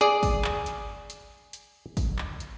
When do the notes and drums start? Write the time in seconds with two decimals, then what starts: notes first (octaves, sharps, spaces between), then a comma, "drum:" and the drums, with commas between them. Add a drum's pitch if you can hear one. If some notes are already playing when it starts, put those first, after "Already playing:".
0.01 G#4 D5
0.23 drum: kick, open hi-hat
0.44 drum: clap
0.66 drum: hi-hat
1.10 drum: hi-hat
1.53 drum: hi-hat
1.97 drum: kick, open hi-hat
2.19 drum: clap
2.40 drum: hi-hat